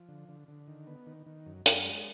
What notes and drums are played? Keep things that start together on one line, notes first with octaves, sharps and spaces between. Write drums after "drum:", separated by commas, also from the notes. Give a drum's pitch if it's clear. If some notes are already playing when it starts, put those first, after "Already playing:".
Already playing: F3
D3
D3
D3
D#3
B3
D#3
D#3
F#2
F#2, drum: hi-hat
G#3